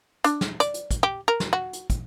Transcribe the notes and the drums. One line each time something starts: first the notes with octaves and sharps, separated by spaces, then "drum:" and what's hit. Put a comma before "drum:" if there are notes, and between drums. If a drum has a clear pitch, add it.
D4, drum: hi-hat
drum: snare
D5, drum: hi-hat
drum: hi-hat
drum: kick, hi-hat
G4
A#4
drum: snare
F#4
drum: hi-hat
drum: kick, hi-hat